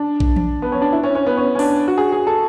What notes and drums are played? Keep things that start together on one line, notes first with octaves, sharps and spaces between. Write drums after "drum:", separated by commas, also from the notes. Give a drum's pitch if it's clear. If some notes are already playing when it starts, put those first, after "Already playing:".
Already playing: D4
drum: kick A#1
drum: tom E3
B3
C#4
D4
E4
C#4
C#4
B3
C#4
C#4
D4, drum: open hi-hat
F#4
G#4
G#4
A4